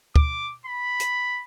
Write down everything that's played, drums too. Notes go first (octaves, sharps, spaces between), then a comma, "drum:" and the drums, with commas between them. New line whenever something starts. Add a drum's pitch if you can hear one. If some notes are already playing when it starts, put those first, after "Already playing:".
D6, drum: kick
B5
drum: hi-hat